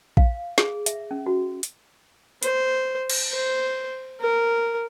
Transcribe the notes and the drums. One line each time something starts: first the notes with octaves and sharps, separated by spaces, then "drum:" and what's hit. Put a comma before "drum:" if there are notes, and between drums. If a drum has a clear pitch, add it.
F5, drum: kick A#1
G#4, drum: snare
E5, drum: hi-hat
C#4
F#4
drum: hi-hat
C5, drum: hi-hat
drum: cymbal
C5
A#4